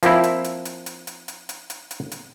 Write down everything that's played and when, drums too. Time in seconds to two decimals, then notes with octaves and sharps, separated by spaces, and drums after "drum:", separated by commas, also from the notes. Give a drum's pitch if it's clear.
0.03 F3 A#3 C4 E4, drum: hi-hat
0.24 drum: hi-hat
0.44 drum: hi-hat
0.65 drum: hi-hat
0.86 drum: hi-hat
1.07 drum: hi-hat
1.28 drum: hi-hat
1.49 drum: hi-hat
1.70 drum: hi-hat
1.91 drum: hi-hat
2.12 drum: hi-hat